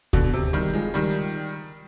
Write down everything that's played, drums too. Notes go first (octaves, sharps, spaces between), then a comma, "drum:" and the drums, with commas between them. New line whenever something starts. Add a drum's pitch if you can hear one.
B2 D3, drum: kick
C3
D#3 G3
F3 G#3
D#3 G3